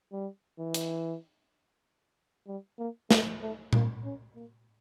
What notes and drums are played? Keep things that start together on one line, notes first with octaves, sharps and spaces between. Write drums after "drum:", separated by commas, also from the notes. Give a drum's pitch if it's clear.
G3
E3
drum: hi-hat
G3
A#3
A3, drum: snare
A3
A#3, drum: tom A#2
C#4
A#3